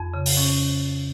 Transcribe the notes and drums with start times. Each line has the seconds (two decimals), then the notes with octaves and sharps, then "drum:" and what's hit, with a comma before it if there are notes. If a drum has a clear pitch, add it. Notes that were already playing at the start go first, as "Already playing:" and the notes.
Already playing: F2
0.14 C#3
0.26 drum: open hi-hat
0.37 C#4